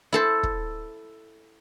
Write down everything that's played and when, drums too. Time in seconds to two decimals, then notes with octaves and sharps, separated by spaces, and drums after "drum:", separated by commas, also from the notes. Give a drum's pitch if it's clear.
0.12 E4 A4 C5
0.43 drum: kick